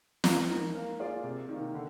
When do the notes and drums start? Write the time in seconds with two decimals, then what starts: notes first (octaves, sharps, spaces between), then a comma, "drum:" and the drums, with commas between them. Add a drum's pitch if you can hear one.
0.24 G#3, drum: snare
0.49 D#4 A#4
0.75 A#3
1.00 F4 G#4 D5
1.24 C3
1.49 D#3 A#3
1.74 D3